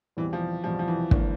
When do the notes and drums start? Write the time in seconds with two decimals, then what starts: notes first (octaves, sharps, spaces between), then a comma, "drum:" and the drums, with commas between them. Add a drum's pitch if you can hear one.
0.17 E2 B2 E3 G3 C4
0.33 F3
0.64 E2 B2 F3 G3 C4
0.79 F3
0.88 E3
1.11 G#1 D3 F3 A#3, drum: kick